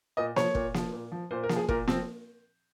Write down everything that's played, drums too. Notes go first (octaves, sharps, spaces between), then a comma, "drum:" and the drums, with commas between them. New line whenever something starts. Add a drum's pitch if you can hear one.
A#2 D#5
F3 C#5, drum: snare A#3
A#2, drum: kick
F3, drum: snare A#3
A#2
F3
A#2 C5
A#4
F3, drum: snare A#3
G#4
A#2 A#4, drum: kick
F3 C4, drum: snare A#3